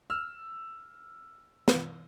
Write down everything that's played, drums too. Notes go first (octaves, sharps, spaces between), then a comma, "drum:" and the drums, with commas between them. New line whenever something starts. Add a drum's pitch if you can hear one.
E6 F6
drum: snare